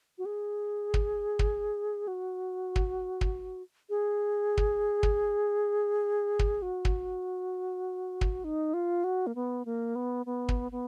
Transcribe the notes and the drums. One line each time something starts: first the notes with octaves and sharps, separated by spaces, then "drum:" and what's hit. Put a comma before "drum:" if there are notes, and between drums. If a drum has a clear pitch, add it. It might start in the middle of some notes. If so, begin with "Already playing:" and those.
F#4
G#4
drum: kick
drum: kick
F#4
drum: kick
drum: kick
G#4
drum: kick
drum: kick
drum: kick
F#4
drum: kick
drum: kick
D#4
F4
F#4
A#3
B3
A#3
B3
B3
drum: kick
B3